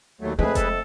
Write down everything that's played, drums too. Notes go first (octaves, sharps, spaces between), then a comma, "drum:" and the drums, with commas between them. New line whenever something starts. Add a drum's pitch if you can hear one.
D#2 F#3 A3
F2 G#3 A3 G#4 B4
A4, drum: kick F1, hi-hat